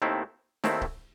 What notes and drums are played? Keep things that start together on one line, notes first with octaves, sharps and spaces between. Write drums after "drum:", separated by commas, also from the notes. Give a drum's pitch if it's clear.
D#2 D#3 A3 C4 E4
D#2 D#3 A3 C4 E4, drum: snare
drum: kick C#1